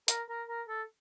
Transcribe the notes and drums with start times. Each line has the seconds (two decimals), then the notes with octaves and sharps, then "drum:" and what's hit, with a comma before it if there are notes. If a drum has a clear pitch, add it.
0.08 A#4, drum: hi-hat
0.29 A#4
0.48 A#4
0.68 A4